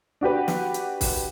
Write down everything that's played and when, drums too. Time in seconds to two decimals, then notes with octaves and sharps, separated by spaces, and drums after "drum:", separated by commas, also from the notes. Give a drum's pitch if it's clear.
0.21 D4 F#4 G4 B4
0.48 drum: snare
0.74 drum: hi-hat
1.01 drum: kick, open hi-hat